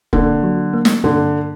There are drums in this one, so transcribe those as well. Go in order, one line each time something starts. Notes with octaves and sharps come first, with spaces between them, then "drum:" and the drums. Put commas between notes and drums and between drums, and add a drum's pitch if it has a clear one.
D3 A#3, drum: kick
F#3
A#3
drum: snare
G2 D3